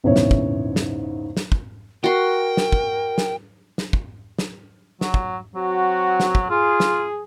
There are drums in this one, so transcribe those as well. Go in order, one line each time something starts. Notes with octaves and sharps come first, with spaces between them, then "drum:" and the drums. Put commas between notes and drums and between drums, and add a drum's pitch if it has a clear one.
A#1 E2 G#2 C#3 E4 C#5
drum: snare
drum: kick
drum: snare
drum: snare
drum: kick
F#4 A#4 G5 C6
drum: snare
drum: kick
drum: snare
drum: snare
drum: kick
drum: snare
F#3, drum: snare
drum: kick
F#3 C4 F#4
drum: snare
drum: kick
F4 G#4
drum: snare